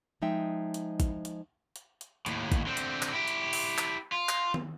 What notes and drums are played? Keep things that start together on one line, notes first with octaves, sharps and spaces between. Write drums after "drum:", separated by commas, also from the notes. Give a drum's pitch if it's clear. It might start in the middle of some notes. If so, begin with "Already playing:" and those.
F3 G#3 D#4 E5 G5
drum: hi-hat
drum: kick, hi-hat
drum: hi-hat
drum: hi-hat
drum: hi-hat
D#2 A2, drum: hi-hat
drum: kick, hi-hat
D3 C4
drum: hi-hat
drum: clap
E4 G4
drum: hi-hat
drum: open hi-hat
drum: clap
F4
drum: clap
drum: tom D#3